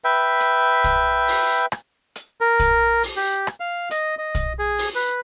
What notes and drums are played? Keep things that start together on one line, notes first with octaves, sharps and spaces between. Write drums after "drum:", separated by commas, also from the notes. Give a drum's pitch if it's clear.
B4 E5 G5
drum: hi-hat
drum: kick, hi-hat
drum: open hi-hat
drum: rim click
drum: hi-hat
A#4
drum: kick, hi-hat
drum: open hi-hat
G4
drum: rim click
F5
D#5, drum: hi-hat
D#5
drum: kick, hi-hat
G#4
drum: open hi-hat
B4